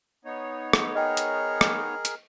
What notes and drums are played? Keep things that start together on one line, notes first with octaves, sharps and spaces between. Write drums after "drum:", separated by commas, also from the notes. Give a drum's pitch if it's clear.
B3 D#4 C#5
drum: rim click
G#4 A#4 D#5 G5
drum: hi-hat
drum: rim click
drum: hi-hat